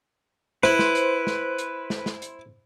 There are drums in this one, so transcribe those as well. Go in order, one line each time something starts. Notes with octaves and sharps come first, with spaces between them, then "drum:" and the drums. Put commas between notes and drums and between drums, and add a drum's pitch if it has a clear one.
E4 B4 C5, drum: snare
drum: snare
drum: hi-hat
drum: snare
drum: hi-hat
drum: snare
drum: snare
drum: hi-hat